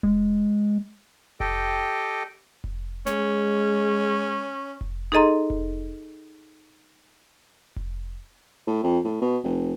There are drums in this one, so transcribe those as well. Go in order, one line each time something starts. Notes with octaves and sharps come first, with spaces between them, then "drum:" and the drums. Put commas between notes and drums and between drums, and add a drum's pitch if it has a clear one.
G#3, drum: kick F1
G4 A4 D#5 G5, drum: kick F1
drum: kick F1
G#3 C#4, drum: snare
drum: kick F1
D#4 G#4 A4 D#5 A#5 C6
drum: kick F1
drum: kick F1
A2
F2
A2
B2
F1